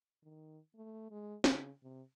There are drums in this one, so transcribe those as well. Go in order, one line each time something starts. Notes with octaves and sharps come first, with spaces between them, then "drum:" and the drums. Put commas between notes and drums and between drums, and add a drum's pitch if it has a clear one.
D#3
A3
G#3
C#3, drum: snare
C3